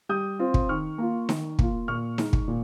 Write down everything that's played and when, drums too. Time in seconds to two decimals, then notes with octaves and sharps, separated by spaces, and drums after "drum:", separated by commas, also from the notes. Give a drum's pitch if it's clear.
0.09 G3 D#6 G6
0.39 C4 F4
0.54 drum: kick
0.69 D#3 C#6 F6
0.98 A#3 F4
1.29 D#3, drum: snare D#4
1.59 A#3 F4, drum: kick
1.88 A#2 C#6 F6
2.18 G#3 D#4, drum: snare D#4
2.33 drum: kick
2.48 A#2